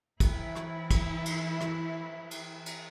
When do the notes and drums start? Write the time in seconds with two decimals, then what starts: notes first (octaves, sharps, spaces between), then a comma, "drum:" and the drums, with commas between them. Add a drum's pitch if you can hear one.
0.20 E3 E4, drum: kick, cymbal
0.55 drum: rim click
0.91 drum: kick, cymbal
1.26 drum: cymbal
1.61 drum: rim click
2.31 drum: cymbal
2.66 drum: cymbal